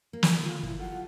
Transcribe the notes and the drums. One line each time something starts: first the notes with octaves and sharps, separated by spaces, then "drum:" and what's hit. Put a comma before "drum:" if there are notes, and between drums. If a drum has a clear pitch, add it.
A#3
drum: snare
D3 F4
G1 A#2 E4
F#3 F4 G4 A4 F#5